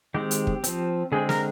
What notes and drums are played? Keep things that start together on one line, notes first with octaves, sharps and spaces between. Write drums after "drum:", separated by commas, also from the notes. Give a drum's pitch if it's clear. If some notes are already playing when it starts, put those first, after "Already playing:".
D#3 G#3 C4 G4
drum: hi-hat
drum: kick
F3 C4, drum: hi-hat
D3 G#3 C4 G#4
A#4, drum: snare